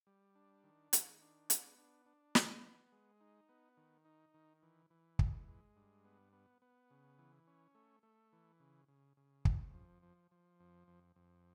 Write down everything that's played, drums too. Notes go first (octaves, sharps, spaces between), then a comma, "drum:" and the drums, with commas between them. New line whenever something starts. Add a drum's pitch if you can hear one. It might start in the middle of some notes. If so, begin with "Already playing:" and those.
G3
D4
D#3
D#3, drum: hi-hat
D4
B3, drum: hi-hat
D4
D4
B3, drum: snare
B3
G#3
D#4
B3
D#3
D#4
D#3
E3
E3
G#3, drum: kick
G#3
G2
B3
B3
B3
C#3
E3
C#4
A3
A3
E3
C#3
C#3
C#3
F2, drum: kick
F3
F3
F3
F2
F2
F2